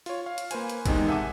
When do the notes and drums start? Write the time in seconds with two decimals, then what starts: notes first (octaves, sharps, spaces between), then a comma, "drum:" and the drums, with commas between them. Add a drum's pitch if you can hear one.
0.06 F4 C#5, drum: open hi-hat
0.26 F5
0.38 drum: hi-hat
0.51 A#3 B4 C5 G#5, drum: hi-hat
0.69 drum: hi-hat
0.86 E2 C3 D#3 G#3 D#4, drum: kick, hi-hat
1.08 E5 F#5 G#5 A5 D6